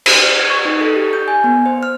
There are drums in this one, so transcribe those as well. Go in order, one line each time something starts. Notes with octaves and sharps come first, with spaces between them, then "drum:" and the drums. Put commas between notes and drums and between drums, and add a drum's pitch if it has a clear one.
C5, drum: cymbal
F6
G#6
C#6
D#4
A4
G4
G6
G#5
B3
C5
F6